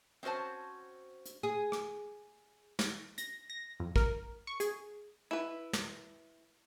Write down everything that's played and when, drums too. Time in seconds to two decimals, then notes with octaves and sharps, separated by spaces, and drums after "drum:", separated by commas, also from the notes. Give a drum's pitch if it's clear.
0.23 C4 C#4 F#4 C5 A5
1.25 drum: hi-hat
1.43 G#4
1.72 drum: rim click
2.79 drum: snare
3.18 A#6, drum: hi-hat
3.50 A#6
3.80 F2
3.96 A#4, drum: kick
4.47 C#6
4.60 G#4, drum: hi-hat
5.31 E4 B4
5.73 drum: snare